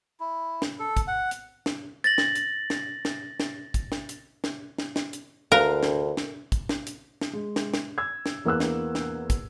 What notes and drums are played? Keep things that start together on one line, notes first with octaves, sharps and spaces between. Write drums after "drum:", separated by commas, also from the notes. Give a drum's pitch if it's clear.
E4
drum: snare
A4
drum: kick, hi-hat
F#5
drum: hi-hat
drum: snare
A6 A#6 F#7
drum: snare
drum: hi-hat
drum: snare
drum: snare
drum: snare
drum: kick, hi-hat
drum: snare
drum: hi-hat
drum: snare
drum: snare
drum: snare
drum: hi-hat
D2 A#4 B4 F5 A#5
drum: snare
drum: snare
drum: kick, hi-hat
drum: snare
drum: hi-hat
drum: snare
G#3
drum: snare
drum: snare
E6 G#6
drum: snare
E2 A#3 B3 E6 F#6
drum: snare
drum: snare
drum: kick, hi-hat